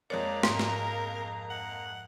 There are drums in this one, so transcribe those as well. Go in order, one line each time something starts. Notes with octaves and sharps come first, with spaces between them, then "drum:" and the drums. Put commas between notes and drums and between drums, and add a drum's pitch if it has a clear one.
F2 G#3 A#3 C#5 D5 F5 A#5
G#2 A#4, drum: snare
drum: snare
F#5